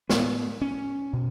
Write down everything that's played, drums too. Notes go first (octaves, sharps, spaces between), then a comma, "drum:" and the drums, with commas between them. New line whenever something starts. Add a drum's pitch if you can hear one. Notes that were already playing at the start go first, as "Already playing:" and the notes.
A2 B3, drum: snare
C#4
B2